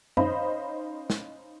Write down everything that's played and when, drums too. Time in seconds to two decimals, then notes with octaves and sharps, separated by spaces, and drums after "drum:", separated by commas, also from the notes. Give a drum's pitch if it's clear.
0.17 C#4 D#4 C5 D#5 F5 B5, drum: tom F#2
1.10 drum: snare